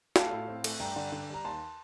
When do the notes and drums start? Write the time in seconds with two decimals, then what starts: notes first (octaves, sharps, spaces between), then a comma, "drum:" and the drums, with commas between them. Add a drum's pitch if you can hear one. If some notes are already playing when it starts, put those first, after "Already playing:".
0.16 A3 F5 A5, drum: snare
0.32 A2
0.48 C4
0.64 A3, drum: cymbal
0.80 G2 G5 A#5
0.96 D3
1.12 D3
1.30 G3 A#5
1.45 D#2 A5 C6